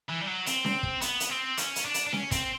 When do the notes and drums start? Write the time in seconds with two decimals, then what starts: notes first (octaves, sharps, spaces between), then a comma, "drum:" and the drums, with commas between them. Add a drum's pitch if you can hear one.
0.09 E3
0.22 G3
0.27 F#3
0.46 C4, drum: hi-hat
0.65 drum: snare C#4
0.83 drum: kick
1.01 B3, drum: hi-hat
1.20 drum: hi-hat
1.30 C4
1.57 C#4, drum: hi-hat
1.76 drum: hi-hat
1.85 D4
1.94 drum: hi-hat
2.07 D4
2.13 C#4, drum: snare C#4
2.31 C4, drum: kick, hi-hat